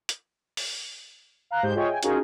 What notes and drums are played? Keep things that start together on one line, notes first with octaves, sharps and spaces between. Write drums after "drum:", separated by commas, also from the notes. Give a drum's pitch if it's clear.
drum: hi-hat
drum: open hi-hat
F5 A#5 F#6
G#2 G#3 G4 C5 G6
F4 G#4 C#5 D#5 E5 G5
G5 G#5
C#4 D#4 F4 F#4 G#4 A#4, drum: hi-hat